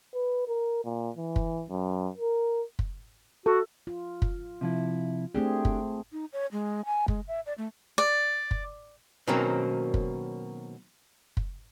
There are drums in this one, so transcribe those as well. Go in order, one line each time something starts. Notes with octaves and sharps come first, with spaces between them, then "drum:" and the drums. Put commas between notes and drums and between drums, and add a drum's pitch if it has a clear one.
B4
A#4
A#2
E3
drum: kick
F#2
A#4
drum: kick
F#4 A4
F4
drum: kick
C3 F3 E4
A3 C4 D4 G4 G#4
drum: kick
D#4
C#5
G#3
G#5
G#3, drum: kick
E5
D5
A3
D5
drum: kick
B2 D#3 F#3 A#3 C4 C#4
drum: kick
drum: kick